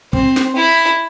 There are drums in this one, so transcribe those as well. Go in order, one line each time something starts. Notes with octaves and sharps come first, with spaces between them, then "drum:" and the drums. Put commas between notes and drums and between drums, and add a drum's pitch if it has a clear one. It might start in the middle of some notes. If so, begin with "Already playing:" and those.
C4, drum: kick
drum: snare
E4